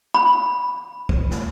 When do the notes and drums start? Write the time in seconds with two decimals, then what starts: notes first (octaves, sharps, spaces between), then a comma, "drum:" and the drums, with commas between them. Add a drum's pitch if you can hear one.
0.14 B5
1.09 drum: kick
1.31 drum: snare